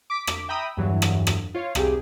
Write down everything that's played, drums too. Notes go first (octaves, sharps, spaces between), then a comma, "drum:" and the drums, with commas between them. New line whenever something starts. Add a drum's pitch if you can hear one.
D6 B6
drum: rim click
E5 G5 A#5 B5 D#6 E6
E2 G2 E3 F#3
drum: rim click
drum: rim click
F4 C#5 F5
C2 G4 G#4, drum: rim click